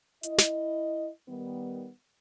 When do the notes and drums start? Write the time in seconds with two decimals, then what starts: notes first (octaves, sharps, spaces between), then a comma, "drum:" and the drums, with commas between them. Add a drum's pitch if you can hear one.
0.23 E4 D#5, drum: hi-hat
0.38 drum: snare
1.28 D#3 G3 B3